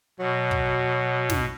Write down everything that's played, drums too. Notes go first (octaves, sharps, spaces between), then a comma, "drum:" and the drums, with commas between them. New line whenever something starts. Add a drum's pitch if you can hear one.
B2 F#3
drum: kick
drum: snare